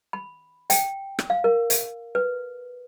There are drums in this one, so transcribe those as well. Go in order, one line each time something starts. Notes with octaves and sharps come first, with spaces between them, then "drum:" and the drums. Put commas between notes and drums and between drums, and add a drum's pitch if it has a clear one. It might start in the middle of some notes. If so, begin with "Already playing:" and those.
B5
G5, drum: hi-hat
drum: rim click
F5
A#4
drum: hi-hat
B4